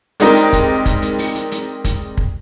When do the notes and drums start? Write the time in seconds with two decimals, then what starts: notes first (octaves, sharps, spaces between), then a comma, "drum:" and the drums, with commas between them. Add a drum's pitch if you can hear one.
0.20 G3 G#3 C4 D#4 A#4, drum: hi-hat
0.36 drum: hi-hat
0.53 drum: kick, hi-hat
0.86 drum: kick, hi-hat
1.02 drum: hi-hat
1.19 drum: open hi-hat
1.35 drum: hi-hat
1.52 drum: hi-hat
1.84 drum: kick, hi-hat
2.17 drum: kick